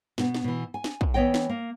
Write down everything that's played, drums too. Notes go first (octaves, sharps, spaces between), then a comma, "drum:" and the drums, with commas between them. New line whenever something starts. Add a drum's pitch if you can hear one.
B2 B3, drum: snare
drum: snare
B2 E3
G#5
drum: snare
drum: kick
E3 B3 C#5 D#5 G5
drum: snare
A#3